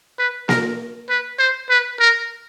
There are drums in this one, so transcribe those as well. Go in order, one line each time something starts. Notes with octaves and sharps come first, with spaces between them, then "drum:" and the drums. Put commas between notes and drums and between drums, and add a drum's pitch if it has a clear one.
B4
A#4, drum: snare A#3
B4
C5
B4
A#4